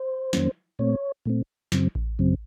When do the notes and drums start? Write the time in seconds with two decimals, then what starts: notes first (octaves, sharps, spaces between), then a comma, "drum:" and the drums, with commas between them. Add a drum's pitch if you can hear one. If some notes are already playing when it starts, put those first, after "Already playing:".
Already playing: C5
0.33 F2 D#3 F#3 A#3 C#4, drum: snare
0.79 A#2 A3 C4 C#5
1.26 A#2 A3 C4
1.72 F#2 C#3 F#3 C4, drum: snare
1.95 drum: kick A1
2.19 F#2 C#3 F#3 C4